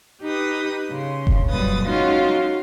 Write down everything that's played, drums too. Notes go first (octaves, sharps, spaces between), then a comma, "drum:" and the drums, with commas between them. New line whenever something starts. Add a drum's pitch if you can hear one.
D#4 G4 B4 D#6
C#3 C6
drum: kick F1
F#2 A#2 G3 B4 D#6 A6
G#3 C#4 D#4 F4 F#4